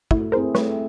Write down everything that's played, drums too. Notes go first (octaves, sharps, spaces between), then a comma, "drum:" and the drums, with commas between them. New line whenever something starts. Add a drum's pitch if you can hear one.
A3 E4 F#4, drum: kick
C4 E4 G#4 A#4 C5
A3 B4 C#5, drum: snare